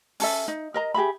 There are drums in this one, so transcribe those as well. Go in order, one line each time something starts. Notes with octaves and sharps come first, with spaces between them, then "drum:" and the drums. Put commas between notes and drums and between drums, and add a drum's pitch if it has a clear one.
C#4 A4 E5, drum: open hi-hat
D#4
A#4 D#5 A#5
G4 G#4 E5 B5